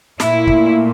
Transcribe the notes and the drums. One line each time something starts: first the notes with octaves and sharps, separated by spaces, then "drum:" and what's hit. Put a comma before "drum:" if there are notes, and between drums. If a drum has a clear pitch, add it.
A#2 A3 E4, drum: snare
drum: kick